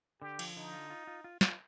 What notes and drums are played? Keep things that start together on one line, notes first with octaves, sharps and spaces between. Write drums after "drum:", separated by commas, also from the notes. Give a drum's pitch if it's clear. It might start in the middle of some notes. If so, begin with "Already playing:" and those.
D3 G4
F3, drum: cymbal
D3 D#4
F4
F4
F4
F4
F4, drum: snare